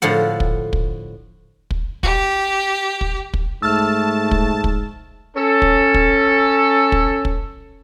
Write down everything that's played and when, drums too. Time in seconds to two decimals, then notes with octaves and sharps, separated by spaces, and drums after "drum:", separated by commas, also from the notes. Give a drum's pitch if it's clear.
0.02 A2 D3 F3 F#5
0.40 drum: kick
0.73 drum: kick
1.71 drum: kick
2.03 G4, drum: kick
3.01 drum: kick
3.34 drum: kick
3.62 G#2 A3 A5 E6 F6
4.31 drum: kick
4.64 drum: kick
5.36 C#4 A4
5.62 drum: kick
5.94 drum: kick
6.92 drum: kick
7.25 drum: kick